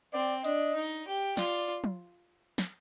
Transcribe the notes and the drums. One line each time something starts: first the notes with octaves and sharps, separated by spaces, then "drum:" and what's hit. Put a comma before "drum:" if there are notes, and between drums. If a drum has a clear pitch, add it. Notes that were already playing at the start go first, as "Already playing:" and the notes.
C4 D5
D4 D#5, drum: hi-hat
D#4
G4
F4 D5, drum: snare
drum: tom F3
drum: snare